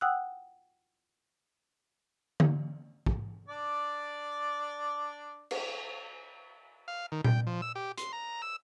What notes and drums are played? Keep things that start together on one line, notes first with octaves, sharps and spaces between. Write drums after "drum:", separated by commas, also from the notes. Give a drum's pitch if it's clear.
F#5 G5 D#6 E6 F#6
drum: tom D3
drum: kick
D4 D5
drum: cymbal
F5
D#3
G5, drum: tom A#2
F3
E6
G4
C6, drum: hi-hat
A#5
E6